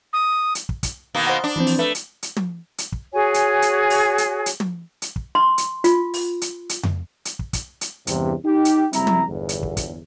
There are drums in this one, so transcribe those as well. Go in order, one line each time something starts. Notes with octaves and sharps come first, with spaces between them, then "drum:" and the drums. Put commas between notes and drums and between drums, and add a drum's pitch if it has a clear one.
D#6
drum: hi-hat
drum: kick
drum: kick, hi-hat
B2 D#3 A#3
C5 F#5
D4
E3 F3 C4
drum: open hi-hat
A3 B4
drum: hi-hat
drum: hi-hat
drum: tom
drum: hi-hat
drum: kick
F#4 G#4 C#5 G#5
drum: hi-hat
drum: hi-hat
drum: open hi-hat
drum: hi-hat
drum: hi-hat
drum: tom
drum: hi-hat
drum: kick
C6
drum: hi-hat
F4, drum: hi-hat
drum: open hi-hat
drum: hi-hat
drum: hi-hat
drum: tom F2
drum: hi-hat
drum: kick
drum: kick, hi-hat
drum: hi-hat
E2 G2 C3, drum: hi-hat
D#4 G4
drum: hi-hat
F#1 G3 C4 E4 A#5, drum: hi-hat
drum: tom
G1 E2
drum: hi-hat
drum: kick
drum: kick, hi-hat